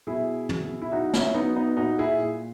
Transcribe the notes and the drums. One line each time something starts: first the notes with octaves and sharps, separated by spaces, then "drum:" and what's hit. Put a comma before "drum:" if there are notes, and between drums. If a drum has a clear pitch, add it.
B2 E4 G#4
B2, drum: tom
E4
F#3 D#4 F#4
C#4 E4, drum: snare
F#3 B3 D#4
B3 D#4
A#2 D#4 F#4
E4 G#4
A#2